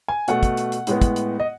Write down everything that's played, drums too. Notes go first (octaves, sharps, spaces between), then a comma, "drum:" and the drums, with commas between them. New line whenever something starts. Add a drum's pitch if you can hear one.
G#5
B2 A3 F#5, drum: hi-hat
drum: kick, hi-hat
drum: hi-hat
drum: hi-hat
A2 G#3 B3, drum: hi-hat
drum: kick, hi-hat
drum: hi-hat
D#5